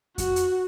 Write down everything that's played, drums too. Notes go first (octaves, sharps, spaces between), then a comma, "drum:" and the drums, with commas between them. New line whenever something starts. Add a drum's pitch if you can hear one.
F#4, drum: kick F2, hi-hat
drum: hi-hat